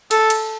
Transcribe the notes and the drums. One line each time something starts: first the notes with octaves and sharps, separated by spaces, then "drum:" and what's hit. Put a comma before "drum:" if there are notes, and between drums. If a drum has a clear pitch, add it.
A4, drum: cymbal
drum: cymbal